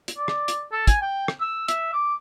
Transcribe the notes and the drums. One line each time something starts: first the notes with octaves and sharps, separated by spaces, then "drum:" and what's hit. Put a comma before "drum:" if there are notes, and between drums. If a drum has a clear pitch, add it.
drum: hi-hat
D5
drum: rim click
drum: hi-hat
A4
G#5, drum: kick, hi-hat
G5
drum: rim click
E6
E5, drum: hi-hat
D6